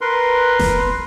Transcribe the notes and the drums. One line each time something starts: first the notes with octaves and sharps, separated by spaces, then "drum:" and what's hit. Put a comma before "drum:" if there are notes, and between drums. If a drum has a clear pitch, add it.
A#4 B4 C6
drum: snare E1